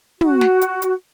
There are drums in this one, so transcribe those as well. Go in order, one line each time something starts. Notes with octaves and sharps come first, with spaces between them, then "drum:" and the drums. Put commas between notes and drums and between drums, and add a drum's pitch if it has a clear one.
F#4, drum: tom
drum: snare
drum: hi-hat
drum: hi-hat